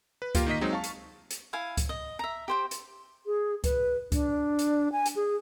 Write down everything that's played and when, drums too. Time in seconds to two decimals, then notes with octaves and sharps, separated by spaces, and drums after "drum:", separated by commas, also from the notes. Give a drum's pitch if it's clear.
0.22 B4
0.35 A#3 F4 G4 A#4, drum: kick C#2, hi-hat
0.47 D#3 A#3 D#5 B6
0.61 F#3 G#3 C4 D#4
0.73 F5 A5 C#6
0.84 drum: hi-hat
1.31 drum: hi-hat
1.53 E4 F5 G#5
1.77 drum: kick C#2, hi-hat
1.89 D#5
2.19 E5 A#5
2.48 G4 C5 G5
2.71 drum: hi-hat
3.26 G#4
3.64 B4, drum: kick C#2, hi-hat
4.12 D4, drum: kick C#2, hi-hat
4.59 drum: hi-hat
4.92 G#5
5.06 drum: hi-hat
5.16 G#4